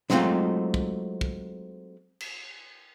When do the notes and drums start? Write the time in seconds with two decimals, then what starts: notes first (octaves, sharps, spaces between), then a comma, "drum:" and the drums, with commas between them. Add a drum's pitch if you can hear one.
0.10 F#3 G#3 A3 C4 D#4 F4, drum: snare
0.74 drum: kick
1.21 drum: kick
2.20 drum: cymbal